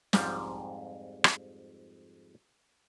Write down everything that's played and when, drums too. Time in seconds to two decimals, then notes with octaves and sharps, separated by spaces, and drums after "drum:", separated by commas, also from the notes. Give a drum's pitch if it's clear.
0.13 F2 G#2 F3 G3, drum: snare
1.24 drum: rim click